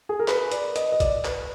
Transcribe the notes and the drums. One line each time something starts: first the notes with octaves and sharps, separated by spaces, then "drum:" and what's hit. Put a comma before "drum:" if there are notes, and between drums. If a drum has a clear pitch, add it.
G#4
A#4
B4, drum: clap
D5, drum: hi-hat
D#5, drum: hi-hat
D#5
D5, drum: kick, hi-hat
B4, drum: clap